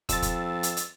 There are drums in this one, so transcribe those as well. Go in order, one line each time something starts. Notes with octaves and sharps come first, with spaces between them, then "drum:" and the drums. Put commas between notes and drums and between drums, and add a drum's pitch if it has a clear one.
F2 E6 A6, drum: kick, hi-hat
drum: kick, hi-hat
drum: hi-hat
drum: hi-hat